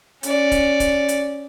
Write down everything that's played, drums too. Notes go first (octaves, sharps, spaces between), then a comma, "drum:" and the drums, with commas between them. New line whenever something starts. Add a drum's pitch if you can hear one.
C#4 D5, drum: hi-hat
drum: kick C#1, hi-hat
drum: kick C#1, hi-hat
drum: hi-hat